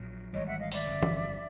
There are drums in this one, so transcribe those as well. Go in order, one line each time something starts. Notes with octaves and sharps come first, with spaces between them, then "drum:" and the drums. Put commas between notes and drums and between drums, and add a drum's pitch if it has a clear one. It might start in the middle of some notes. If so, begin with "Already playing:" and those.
Already playing: A#1 A#2 F#3
G#1 G#2 E3 G3 C#5 D#5
E5 F#5
D#5 F5
D5 E5, drum: open hi-hat
G1 F2 D3 G3
drum: tom E3